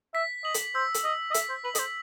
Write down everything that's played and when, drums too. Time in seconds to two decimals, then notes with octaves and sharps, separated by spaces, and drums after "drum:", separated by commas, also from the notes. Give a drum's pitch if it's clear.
0.14 E5 B6
0.44 D#5 F#7
0.54 drum: hi-hat
0.75 C5 E6
0.94 drum: hi-hat
1.04 D#5 E6
1.31 D#5
1.34 E5 B6, drum: hi-hat
1.49 C5
1.65 B4 F#7
1.75 D#5, drum: hi-hat
1.79 C5